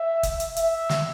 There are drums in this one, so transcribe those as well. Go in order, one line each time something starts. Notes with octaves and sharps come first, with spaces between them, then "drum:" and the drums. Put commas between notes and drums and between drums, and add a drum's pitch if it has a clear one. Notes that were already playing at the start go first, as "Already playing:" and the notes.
Already playing: E5
drum: kick, hi-hat
drum: hi-hat
E5, drum: hi-hat
drum: snare